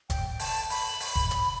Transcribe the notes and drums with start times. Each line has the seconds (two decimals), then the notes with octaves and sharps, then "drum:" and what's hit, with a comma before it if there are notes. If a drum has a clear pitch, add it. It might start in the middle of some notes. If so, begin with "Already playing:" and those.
0.10 G5, drum: kick F1, hi-hat
0.39 A5, drum: open hi-hat
0.70 B5, drum: open hi-hat
1.00 drum: open hi-hat
1.16 drum: kick F1
1.31 drum: hi-hat